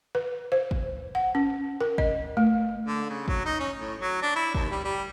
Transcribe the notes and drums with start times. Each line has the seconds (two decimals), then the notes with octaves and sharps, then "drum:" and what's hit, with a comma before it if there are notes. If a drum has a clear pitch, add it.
0.15 B4
0.52 C5
0.71 drum: kick
1.15 F#5
1.35 C#4
1.81 A#4
1.98 D#5, drum: kick
2.37 A3
2.87 D3
3.09 C#3
3.28 F#3, drum: kick
3.45 D#4
3.60 C#4
3.79 A2
4.01 F#3
4.22 D4
4.36 E4
4.55 D#2, drum: kick
4.71 G3
4.84 G3